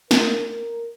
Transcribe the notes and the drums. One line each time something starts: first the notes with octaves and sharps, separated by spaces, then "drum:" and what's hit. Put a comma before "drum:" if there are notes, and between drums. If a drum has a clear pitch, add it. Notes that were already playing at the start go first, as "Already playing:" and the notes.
A#4, drum: snare